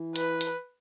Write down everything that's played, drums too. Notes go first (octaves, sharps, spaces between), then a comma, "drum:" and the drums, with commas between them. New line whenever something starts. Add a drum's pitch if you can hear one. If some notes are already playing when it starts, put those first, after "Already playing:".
Already playing: E3
B4, drum: hi-hat
drum: hi-hat